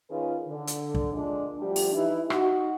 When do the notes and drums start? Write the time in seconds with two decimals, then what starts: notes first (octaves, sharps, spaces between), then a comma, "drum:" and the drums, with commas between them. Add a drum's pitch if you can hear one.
0.11 D#3 C#4 F4 G#4 B4
0.48 D3
0.67 drum: hi-hat
0.95 drum: kick
1.14 A#2 G#3 D4
1.59 D2 F3 G3 D4 G4
1.76 drum: open hi-hat
1.94 E3 D#4 E4
2.30 D#4 F#4, drum: rim click